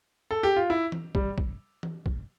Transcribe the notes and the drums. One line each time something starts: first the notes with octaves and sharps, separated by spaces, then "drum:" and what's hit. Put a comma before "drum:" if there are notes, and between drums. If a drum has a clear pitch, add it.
A4
G4
F4
E4
drum: tom
G3, drum: kick
drum: kick
drum: tom
drum: kick